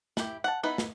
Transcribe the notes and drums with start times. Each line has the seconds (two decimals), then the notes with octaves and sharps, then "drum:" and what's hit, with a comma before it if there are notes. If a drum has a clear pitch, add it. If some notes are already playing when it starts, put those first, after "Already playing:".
0.17 E4 G4, drum: snare
0.44 F#5 A5
0.63 B3 D#4 E4 B4
0.78 drum: snare